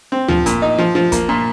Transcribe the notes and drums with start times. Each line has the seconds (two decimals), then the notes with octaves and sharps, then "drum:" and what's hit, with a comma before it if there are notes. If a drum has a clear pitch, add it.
0.12 C4
0.28 F3, drum: tom D2
0.46 A#2, drum: kick, hi-hat
0.62 D#4
0.78 F3
0.95 F3
1.12 A#3, drum: kick, hi-hat
1.29 A#2